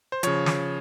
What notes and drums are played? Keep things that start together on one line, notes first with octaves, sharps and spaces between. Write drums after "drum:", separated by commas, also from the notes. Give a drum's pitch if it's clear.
C5
C#3 F3 C#5, drum: hi-hat
drum: snare